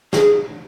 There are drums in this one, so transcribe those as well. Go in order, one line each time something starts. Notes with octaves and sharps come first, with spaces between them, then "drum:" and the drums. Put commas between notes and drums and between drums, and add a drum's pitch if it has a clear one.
G#4, drum: snare